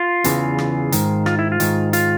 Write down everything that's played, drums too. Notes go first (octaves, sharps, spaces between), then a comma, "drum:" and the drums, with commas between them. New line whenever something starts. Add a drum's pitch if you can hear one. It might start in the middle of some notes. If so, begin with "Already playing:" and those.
Already playing: F4
E2 C#3 E3, drum: hi-hat
drum: rim click
G#2 D#3, drum: hi-hat
F4, drum: rim click
E4
F4
G#2 D#3, drum: hi-hat
F4, drum: hi-hat